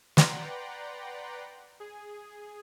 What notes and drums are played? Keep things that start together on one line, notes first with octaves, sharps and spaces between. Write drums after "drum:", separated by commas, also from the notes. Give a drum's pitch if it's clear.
B4 D5 F#5 G5 A#5 C6, drum: snare
G#4